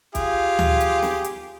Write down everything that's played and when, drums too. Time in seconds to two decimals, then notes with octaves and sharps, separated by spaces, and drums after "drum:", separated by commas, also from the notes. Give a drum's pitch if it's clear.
0.15 F4 G4 G#4, drum: kick, hi-hat
0.59 drum: tom D2
0.81 drum: hi-hat
1.03 drum: snare
1.24 drum: hi-hat